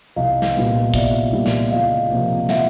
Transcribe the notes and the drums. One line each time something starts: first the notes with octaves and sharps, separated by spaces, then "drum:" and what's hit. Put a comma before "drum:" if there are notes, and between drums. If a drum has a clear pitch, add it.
C2 D#5 F5
drum: snare
A#2 G3 B3
C2 D5 E5, drum: kick
A#2 G3 B3
drum: snare
C#2 D#5 F5
C3 F3 A#3
E5 F#5, drum: snare